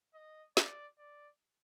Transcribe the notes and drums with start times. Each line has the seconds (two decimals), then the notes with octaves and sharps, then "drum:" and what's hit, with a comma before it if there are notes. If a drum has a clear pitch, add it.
0.14 D#5
0.57 D5, drum: snare
0.99 D5